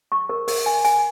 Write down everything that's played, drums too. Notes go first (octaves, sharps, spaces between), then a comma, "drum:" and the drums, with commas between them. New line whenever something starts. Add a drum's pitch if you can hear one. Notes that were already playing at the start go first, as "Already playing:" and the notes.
C#6
A#4
A#4, drum: open hi-hat
G#5
G#5, drum: hi-hat